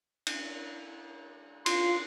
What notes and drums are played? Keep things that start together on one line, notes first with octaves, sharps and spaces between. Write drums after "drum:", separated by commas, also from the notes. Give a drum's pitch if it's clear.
drum: cymbal
F4 C6, drum: cymbal